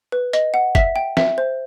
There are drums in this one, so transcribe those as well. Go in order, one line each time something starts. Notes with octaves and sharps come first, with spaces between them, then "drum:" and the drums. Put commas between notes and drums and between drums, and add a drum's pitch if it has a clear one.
B4
D#5, drum: hi-hat
F#5
E5 B6, drum: kick, hi-hat
G5
E5, drum: snare
C5